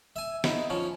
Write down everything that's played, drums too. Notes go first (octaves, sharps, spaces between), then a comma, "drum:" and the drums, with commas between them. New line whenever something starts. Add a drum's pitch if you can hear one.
E5 G#5
D#4 E4, drum: snare
F3 C#4